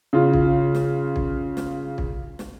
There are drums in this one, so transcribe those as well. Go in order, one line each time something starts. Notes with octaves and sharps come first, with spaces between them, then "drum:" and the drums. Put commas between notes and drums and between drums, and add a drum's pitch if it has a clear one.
C#3 F4
drum: kick
drum: snare
drum: kick
drum: snare
drum: kick
drum: snare